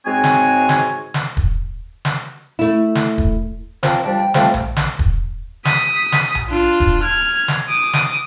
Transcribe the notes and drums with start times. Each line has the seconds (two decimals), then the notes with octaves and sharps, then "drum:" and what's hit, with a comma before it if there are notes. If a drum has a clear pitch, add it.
0.05 G#2 G#3 C4 F#4 C#5 G#5
0.24 drum: snare
0.69 drum: snare
1.14 drum: snare
1.37 drum: kick
2.05 drum: snare
2.59 A3 E4
2.95 drum: snare
3.18 drum: kick
3.83 F3 C4 A#4, drum: snare
4.04 F3 G3 D4
4.19 G5
4.34 F3 G3 A3 C4 F4, drum: snare
4.54 drum: tom A#1
4.76 drum: snare
4.99 drum: kick
5.65 D#6 B6, drum: snare
6.12 drum: snare
6.35 drum: tom A#1
6.49 D4 F4
6.80 drum: kick
7.03 F6 G#6
7.48 drum: snare
7.69 D6 D#6
7.93 drum: snare